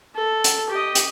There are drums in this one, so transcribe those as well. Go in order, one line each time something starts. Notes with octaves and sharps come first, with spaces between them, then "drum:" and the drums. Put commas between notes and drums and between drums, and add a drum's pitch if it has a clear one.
A4
drum: hi-hat
G4 D#5
drum: hi-hat